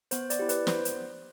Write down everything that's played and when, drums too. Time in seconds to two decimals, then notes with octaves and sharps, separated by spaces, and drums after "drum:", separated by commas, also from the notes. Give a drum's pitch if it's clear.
0.11 B3 C5, drum: hi-hat
0.30 D5, drum: hi-hat
0.39 E4 G4
0.49 B4, drum: hi-hat
0.67 B3 C5, drum: snare
0.85 drum: hi-hat